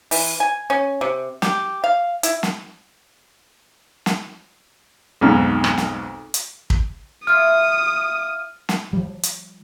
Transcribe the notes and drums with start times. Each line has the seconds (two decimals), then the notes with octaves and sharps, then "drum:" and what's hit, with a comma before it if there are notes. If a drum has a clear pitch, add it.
0.11 E3, drum: open hi-hat
0.40 G#5
0.70 C#4
1.01 C3
1.42 G4, drum: snare
1.84 F5
2.23 E4, drum: hi-hat
2.43 drum: snare
4.06 drum: snare
5.21 B1 F2 G#2
5.64 drum: rim click
5.78 drum: snare
6.34 drum: hi-hat
6.70 drum: kick
7.27 E4 F4 D#6 F6
8.69 drum: snare
8.93 F3 G3
9.23 drum: hi-hat